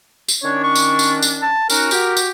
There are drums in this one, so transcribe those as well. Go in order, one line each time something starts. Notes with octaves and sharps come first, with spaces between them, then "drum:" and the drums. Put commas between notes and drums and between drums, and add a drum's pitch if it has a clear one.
drum: tambourine
D#3 C#4 D4 C#5
C#6
drum: tambourine
drum: tambourine
drum: tambourine
A5
C#4 D#4 F#4 A#4, drum: tambourine
F#4 G4, drum: tambourine
drum: tambourine